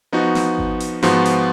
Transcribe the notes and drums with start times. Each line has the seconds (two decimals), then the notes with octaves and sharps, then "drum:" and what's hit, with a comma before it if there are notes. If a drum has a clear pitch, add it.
0.12 F3 B3 D#4 F#4
0.35 drum: snare
0.58 drum: kick G#1
0.80 drum: hi-hat
1.02 G#2 F3 B3 F#4, drum: snare
1.26 drum: hi-hat